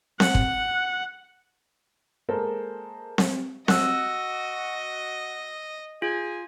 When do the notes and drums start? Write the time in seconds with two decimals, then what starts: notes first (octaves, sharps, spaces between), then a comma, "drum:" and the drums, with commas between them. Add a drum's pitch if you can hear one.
0.20 F#5, drum: snare C4
0.35 drum: kick
2.29 G#3 A#3 A4 A#4 C5
3.18 drum: snare C4
3.68 F#4 D#5 E6 F#6, drum: snare C4
6.02 F4 G#4